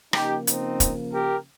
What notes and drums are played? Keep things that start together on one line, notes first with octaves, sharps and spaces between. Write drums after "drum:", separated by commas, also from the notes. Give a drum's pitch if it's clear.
C#3 F3 A#3 D#4 G4, drum: rim click
C4 D#4, drum: hi-hat
drum: kick E1, hi-hat
G4 A#4